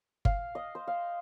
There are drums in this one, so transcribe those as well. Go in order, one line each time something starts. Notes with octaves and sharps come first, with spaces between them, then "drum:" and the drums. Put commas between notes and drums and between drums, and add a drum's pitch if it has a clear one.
F5, drum: kick G1
D#5
C5
F5